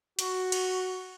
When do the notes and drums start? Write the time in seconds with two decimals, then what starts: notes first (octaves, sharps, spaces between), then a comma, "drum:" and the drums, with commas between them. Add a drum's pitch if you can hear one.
0.19 F#4, drum: hi-hat
0.52 drum: cymbal